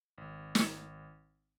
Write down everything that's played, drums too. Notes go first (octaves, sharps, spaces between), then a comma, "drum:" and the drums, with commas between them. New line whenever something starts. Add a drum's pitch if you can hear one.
G#1
drum: snare